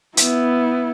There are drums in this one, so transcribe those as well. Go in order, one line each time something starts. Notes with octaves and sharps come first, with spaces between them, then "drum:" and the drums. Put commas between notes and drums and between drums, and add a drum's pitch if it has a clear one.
B3 E4, drum: hi-hat